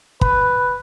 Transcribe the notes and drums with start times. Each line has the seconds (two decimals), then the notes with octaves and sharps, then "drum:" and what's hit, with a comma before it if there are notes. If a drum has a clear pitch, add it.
0.21 B4, drum: kick